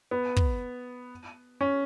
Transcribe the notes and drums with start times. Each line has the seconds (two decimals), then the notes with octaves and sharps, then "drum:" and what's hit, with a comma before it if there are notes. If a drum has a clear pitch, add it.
0.11 B3
0.36 drum: kick
1.61 C#4